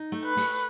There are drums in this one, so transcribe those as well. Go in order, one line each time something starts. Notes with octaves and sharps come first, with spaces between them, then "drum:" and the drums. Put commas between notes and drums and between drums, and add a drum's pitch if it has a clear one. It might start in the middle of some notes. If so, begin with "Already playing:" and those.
Already playing: D#4
A3
B4
A3, drum: open hi-hat